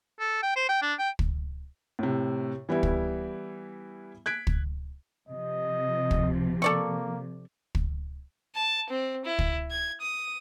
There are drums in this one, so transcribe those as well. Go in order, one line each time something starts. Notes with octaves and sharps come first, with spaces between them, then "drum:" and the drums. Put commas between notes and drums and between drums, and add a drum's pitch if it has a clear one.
A4
G5
C5
G5
D4
G5
drum: kick
A2 C3
E3 G3 B3 E4
drum: kick
F#6 G#6 B6 D7
drum: kick
C3 F3 D#5
drum: kick
A#3 A4 D5 C#6
drum: kick
A5
C4
E4
drum: kick
G#6
D#6